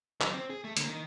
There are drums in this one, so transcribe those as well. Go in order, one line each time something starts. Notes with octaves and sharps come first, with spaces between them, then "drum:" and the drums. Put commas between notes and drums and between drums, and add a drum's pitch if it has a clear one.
D#3 F#3, drum: clap
C4
G#4
A3
D3 A#3, drum: hi-hat
D#3